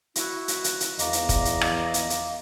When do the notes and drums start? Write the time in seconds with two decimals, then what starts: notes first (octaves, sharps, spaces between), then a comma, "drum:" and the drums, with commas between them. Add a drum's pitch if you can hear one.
0.15 E4 F#4, drum: hi-hat
0.48 drum: hi-hat
0.64 drum: hi-hat
0.80 drum: hi-hat
0.99 E2 D#5 F5 A#5 D6, drum: hi-hat
1.13 drum: hi-hat
1.29 drum: kick, hi-hat
1.45 drum: hi-hat
1.61 drum: rim click
1.94 drum: hi-hat
2.10 drum: hi-hat